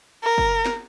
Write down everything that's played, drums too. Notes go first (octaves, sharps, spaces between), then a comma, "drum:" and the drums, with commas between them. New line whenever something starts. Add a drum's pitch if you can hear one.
A#4
drum: kick F#1
drum: snare